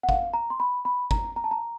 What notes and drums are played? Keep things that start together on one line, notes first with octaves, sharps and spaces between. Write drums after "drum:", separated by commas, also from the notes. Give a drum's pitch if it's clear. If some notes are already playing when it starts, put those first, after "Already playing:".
F#5
F5, drum: kick
A#5
C6
B5
B5
A#5, drum: kick
A#5
A5
A#5